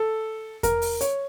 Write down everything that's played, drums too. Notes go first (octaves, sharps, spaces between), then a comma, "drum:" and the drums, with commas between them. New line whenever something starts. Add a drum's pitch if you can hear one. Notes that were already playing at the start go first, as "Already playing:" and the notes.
Already playing: A4
A#4, drum: kick E2, hi-hat
drum: open hi-hat
C#5, drum: hi-hat